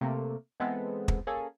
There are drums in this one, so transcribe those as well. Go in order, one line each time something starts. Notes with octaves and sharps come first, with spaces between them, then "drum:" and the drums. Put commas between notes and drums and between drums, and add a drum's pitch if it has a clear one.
C3 A3 A#3
E3 G#3 B3 C4 A4
drum: kick
A#3 C#4 G#4 A4